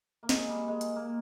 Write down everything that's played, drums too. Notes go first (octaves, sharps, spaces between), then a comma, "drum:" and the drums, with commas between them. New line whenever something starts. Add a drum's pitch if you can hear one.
A#3
G#3, drum: snare
G3
G#3
drum: hi-hat
A#3